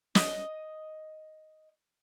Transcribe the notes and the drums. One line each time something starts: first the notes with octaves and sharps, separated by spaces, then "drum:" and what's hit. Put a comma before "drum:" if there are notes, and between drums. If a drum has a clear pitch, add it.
D#5 D#6, drum: snare